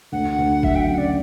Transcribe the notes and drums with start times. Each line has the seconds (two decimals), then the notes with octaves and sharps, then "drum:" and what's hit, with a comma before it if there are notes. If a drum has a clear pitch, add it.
0.12 D2 F#5
0.38 D2
0.63 F#3 E5, drum: kick
0.75 G5
0.82 F#5
0.90 C#3
0.98 D5